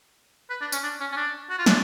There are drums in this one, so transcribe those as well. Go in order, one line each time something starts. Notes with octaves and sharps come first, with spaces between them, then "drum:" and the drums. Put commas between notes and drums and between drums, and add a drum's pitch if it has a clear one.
B4
D4
C#4, drum: tambourine
D4
C#4
C#4
D4
F#4
F4
D4, drum: snare